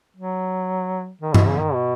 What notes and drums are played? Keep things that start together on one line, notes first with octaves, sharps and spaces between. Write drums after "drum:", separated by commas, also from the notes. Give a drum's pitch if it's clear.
F#3
D#3
B2, drum: tom G2
C#3
D#3
B2